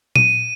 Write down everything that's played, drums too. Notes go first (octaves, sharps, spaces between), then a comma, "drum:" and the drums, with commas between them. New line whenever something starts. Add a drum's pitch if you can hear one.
D#7, drum: tom A#2